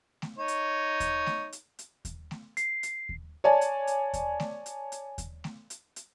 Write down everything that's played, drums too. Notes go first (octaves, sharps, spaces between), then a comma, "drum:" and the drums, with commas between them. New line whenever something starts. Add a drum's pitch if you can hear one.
drum: snare A3
D#4 C#5
drum: hi-hat
drum: kick D#2, hi-hat
drum: snare A3
drum: hi-hat
drum: hi-hat
drum: kick D#2, hi-hat
drum: snare A3
C7, drum: hi-hat
drum: hi-hat
drum: kick D#2
C#5 D5 G#5 A5
drum: hi-hat
drum: hi-hat
drum: kick D#2, hi-hat
drum: snare A3
drum: hi-hat
drum: hi-hat
drum: kick D#2, hi-hat
drum: snare A3
drum: hi-hat
drum: hi-hat